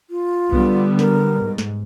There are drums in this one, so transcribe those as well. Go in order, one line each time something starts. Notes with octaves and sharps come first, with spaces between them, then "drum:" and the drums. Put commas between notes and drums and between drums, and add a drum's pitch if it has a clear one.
F4
D3 G3 B3, drum: kick B1
A#4, drum: snare
G#2
drum: snare